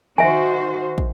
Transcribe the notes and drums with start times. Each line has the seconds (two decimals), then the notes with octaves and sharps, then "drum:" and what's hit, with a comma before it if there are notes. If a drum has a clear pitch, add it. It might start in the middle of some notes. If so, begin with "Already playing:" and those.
0.18 D#3 F#4 C5 E5 G#5
0.98 drum: kick